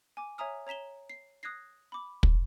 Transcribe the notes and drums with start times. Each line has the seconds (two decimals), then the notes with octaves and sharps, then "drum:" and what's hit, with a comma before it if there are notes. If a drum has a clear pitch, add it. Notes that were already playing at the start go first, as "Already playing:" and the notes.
0.17 G#5 D6
0.38 C#5 E5 G#5 A#5 D#6 F6
0.67 C#5 A#5 B6 E7 G7
1.10 C7
1.43 D#6 F#6 G#6 A#6 C7
1.92 B5 D6
2.23 drum: kick